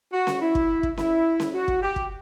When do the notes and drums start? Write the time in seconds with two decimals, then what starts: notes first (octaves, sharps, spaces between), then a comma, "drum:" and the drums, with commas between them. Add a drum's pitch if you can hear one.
0.12 F#4
0.27 drum: snare C#4
0.41 E4
0.55 drum: kick
0.83 drum: kick
0.98 E4, drum: snare C#4
1.40 drum: snare C#4
1.54 F#4
1.68 drum: kick
1.82 G4
1.96 drum: kick